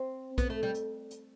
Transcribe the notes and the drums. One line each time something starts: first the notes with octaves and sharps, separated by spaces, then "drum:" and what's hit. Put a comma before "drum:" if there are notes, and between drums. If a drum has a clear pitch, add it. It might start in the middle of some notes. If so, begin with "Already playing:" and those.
Already playing: C4
B3, drum: kick, hi-hat
A3
G3
drum: hi-hat
drum: hi-hat